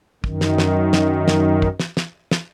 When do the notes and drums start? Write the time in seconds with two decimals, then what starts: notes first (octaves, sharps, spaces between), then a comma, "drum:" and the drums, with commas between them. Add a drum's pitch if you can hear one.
0.24 F#2 D#3, drum: kick
0.41 drum: snare
0.58 drum: snare
0.93 drum: snare
1.28 drum: snare
1.62 drum: kick
1.80 drum: snare
1.97 drum: snare
2.31 drum: snare